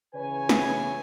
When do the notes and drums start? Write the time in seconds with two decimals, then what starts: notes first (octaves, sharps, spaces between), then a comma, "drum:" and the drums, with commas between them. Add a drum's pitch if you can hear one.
0.15 C#3 E3 B4 C#5 G#5
0.49 drum: snare